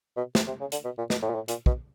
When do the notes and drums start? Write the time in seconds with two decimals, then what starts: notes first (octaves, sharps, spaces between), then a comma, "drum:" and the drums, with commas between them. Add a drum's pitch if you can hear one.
0.17 B2
0.35 C3, drum: snare
0.47 C3
0.60 C#3
0.72 D3, drum: hi-hat
0.85 B2
0.98 A#2
1.10 B2, drum: snare
1.22 A2
1.30 A#2
1.35 A2
1.48 A#2, drum: hi-hat
1.66 B2, drum: kick